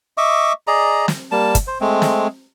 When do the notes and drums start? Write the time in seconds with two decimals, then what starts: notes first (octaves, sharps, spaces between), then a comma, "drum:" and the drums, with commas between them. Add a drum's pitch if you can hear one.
0.18 D#5 E5 C#6 D6
0.67 G#4 D5 D#5 A#5
1.08 drum: snare
1.31 G3 A#3 A5
1.55 drum: kick, hi-hat
1.67 C5
1.81 G#3 A3 C4
2.02 drum: snare